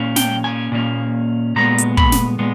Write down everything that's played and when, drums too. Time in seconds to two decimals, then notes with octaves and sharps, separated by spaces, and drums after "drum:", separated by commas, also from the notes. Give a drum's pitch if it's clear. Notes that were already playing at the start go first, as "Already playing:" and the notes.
Already playing: A#2 A#3 C#4
0.16 G5, drum: snare
0.44 G#5
0.72 A#2 A#3 C#4
1.56 A#2 G#3 B3 A#5
1.78 drum: hi-hat
1.97 B5, drum: kick
2.12 drum: snare
2.39 A#2 G#3 B3